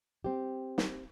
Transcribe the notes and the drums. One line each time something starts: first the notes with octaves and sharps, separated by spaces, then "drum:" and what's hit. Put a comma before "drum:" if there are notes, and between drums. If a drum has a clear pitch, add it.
C4 G4
drum: snare